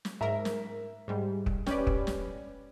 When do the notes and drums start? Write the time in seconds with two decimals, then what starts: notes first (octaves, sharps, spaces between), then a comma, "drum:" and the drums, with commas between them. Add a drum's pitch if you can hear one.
0.05 drum: snare
0.21 G#2 A#4 E5 A#5
0.45 drum: snare
1.08 G#2 G3 G#3
1.46 drum: kick
1.66 C#4 G4 B4 D5, drum: snare
1.87 drum: kick
2.07 drum: snare